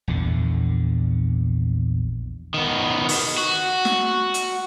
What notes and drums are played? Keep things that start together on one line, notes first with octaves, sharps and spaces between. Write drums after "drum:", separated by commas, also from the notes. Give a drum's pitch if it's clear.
A#1 E2 D3
D#3 B3
drum: open hi-hat
F#4
drum: snare
drum: hi-hat